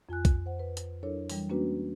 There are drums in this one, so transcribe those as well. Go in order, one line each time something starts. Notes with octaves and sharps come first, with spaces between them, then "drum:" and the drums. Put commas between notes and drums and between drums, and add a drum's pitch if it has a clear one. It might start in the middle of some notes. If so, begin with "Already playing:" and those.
F2 F4 G#5 F#6
drum: kick B1, hi-hat
C5 F#5
B4
drum: hi-hat
F#3 D4 E4 A4 A#4 C#5
E3 G3, drum: open hi-hat
G#3 A#3 C#4 D4 F#4 B4